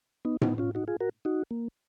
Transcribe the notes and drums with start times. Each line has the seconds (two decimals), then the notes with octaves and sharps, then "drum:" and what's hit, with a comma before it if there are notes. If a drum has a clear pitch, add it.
0.25 B3 D#4
0.41 B3 D#4, drum: tom A2
0.58 C#4 F4
0.75 D#4 F#4
0.88 F4 G#4
1.01 F#4 A#4
1.25 D#4 F#4
1.51 A#3